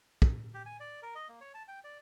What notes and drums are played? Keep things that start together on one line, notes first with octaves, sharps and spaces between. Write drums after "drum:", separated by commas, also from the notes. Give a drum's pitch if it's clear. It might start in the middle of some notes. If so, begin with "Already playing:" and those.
drum: kick
G4
G#5
D5
A#4
D#5
A#3
C#5
A5
G5
D5